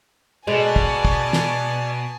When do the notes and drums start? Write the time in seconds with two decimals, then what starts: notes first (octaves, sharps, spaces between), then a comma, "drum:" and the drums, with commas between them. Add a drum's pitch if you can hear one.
0.47 B2 G#3 D5 G#5 A5
0.76 drum: kick
1.05 drum: kick
1.33 drum: snare